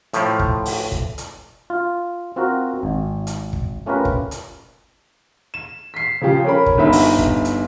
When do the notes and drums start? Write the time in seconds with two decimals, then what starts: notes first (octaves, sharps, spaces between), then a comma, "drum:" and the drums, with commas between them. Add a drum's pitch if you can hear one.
0.13 A2 F3, drum: hi-hat
0.39 drum: kick
0.65 drum: open hi-hat
0.92 drum: kick
1.18 drum: hi-hat
1.70 F4
2.36 C4 F4 F#4 A#4
2.83 G#1
3.27 drum: hi-hat
3.53 drum: kick
3.86 A3 C#4 F4 G4 A#4 B4
4.05 drum: kick
4.31 drum: hi-hat
5.54 E7
5.94 B6 C7
6.21 C#3 F3 G4
6.44 C#4 A#4 B5
6.66 drum: kick
6.78 G1 D#4 E5 B5
6.92 drum: open hi-hat
7.19 drum: kick
7.45 drum: hi-hat